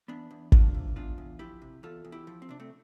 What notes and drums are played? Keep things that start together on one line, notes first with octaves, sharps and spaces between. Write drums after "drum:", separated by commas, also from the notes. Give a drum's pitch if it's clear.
E2 B3 D4
E2
F3 D4 F4, drum: kick
C3
E2 D4 F4
E2
F3 E4 G4
C3
E2 F4 A4
E2
E4 G4
F3
C4
C3 D4
A3 C4